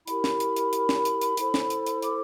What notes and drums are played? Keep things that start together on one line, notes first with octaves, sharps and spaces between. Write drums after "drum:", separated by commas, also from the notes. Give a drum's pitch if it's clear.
E4 G4 A#4 B5, drum: hi-hat
drum: snare
drum: hi-hat
drum: hi-hat
drum: hi-hat
drum: snare
drum: hi-hat
drum: hi-hat
E4 A4 C5, drum: hi-hat
drum: snare
drum: hi-hat
drum: hi-hat
D6, drum: hi-hat